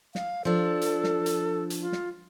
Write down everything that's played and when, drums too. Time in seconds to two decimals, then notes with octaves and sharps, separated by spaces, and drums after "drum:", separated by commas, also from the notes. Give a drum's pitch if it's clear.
0.15 F5, drum: snare
0.45 F3 D4 A4
0.81 drum: hi-hat
1.04 drum: snare
1.26 drum: hi-hat
1.70 drum: hi-hat
1.81 F4
1.92 drum: snare